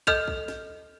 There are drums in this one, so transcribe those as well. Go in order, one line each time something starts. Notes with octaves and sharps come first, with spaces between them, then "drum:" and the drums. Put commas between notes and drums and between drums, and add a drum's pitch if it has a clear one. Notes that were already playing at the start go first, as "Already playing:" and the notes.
A4 D#5 F6 G6 F7, drum: kick
drum: kick
drum: snare